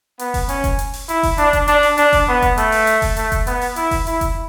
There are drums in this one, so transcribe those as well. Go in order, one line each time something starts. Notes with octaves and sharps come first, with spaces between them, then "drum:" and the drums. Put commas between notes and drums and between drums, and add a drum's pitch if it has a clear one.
B3, drum: hi-hat
drum: kick F1, open hi-hat
C#4, drum: hi-hat
drum: kick F1, hi-hat
drum: hi-hat
drum: open hi-hat
E4, drum: hi-hat
drum: kick F1, open hi-hat
D4, drum: hi-hat
drum: kick F1, hi-hat
D4, drum: hi-hat
drum: open hi-hat
D4, drum: hi-hat
drum: kick F1, open hi-hat
B3
drum: kick F1, hi-hat
A3, drum: hi-hat
drum: open hi-hat
drum: hi-hat
drum: kick F1, open hi-hat
A3, drum: hi-hat
drum: kick F1, hi-hat
B3, drum: hi-hat
drum: open hi-hat
E4, drum: hi-hat
drum: kick F1, open hi-hat
E4, drum: hi-hat
drum: kick F1, hi-hat